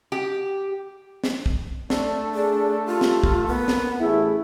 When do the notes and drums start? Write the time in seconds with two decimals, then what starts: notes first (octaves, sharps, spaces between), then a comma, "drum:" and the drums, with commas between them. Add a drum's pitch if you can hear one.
0.12 G4
1.24 drum: snare
1.46 drum: kick
1.90 A3 D4, drum: snare
2.34 D4 G#4
2.86 F4 G4
3.01 drum: snare
3.23 drum: kick
3.47 A#3 B3
3.68 drum: snare
4.00 A1 A3 E4 G#4